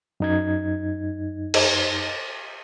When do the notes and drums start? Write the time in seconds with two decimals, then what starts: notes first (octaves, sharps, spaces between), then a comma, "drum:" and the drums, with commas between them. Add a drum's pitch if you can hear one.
0.20 F#2 D#4 G#6
1.54 drum: cymbal